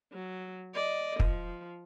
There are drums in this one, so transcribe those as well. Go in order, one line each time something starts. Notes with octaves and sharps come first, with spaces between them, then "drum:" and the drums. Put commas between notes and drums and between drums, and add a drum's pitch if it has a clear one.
F#3
D5 D#5
F3, drum: kick